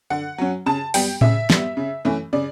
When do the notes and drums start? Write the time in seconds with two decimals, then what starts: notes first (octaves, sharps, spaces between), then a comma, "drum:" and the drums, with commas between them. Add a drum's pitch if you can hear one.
0.10 D3 F#5
0.38 F#3 C#4
0.66 C#3 A5
0.94 G3 B3 G5, drum: open hi-hat
1.21 C#3 E5, drum: tom A2
1.50 G3 B3, drum: snare
1.77 C#3
2.05 E3 A3 C#4
2.33 C#3 D5